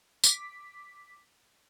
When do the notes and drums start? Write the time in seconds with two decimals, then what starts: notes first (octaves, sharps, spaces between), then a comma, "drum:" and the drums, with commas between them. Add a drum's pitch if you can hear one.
0.24 D6 B6, drum: tambourine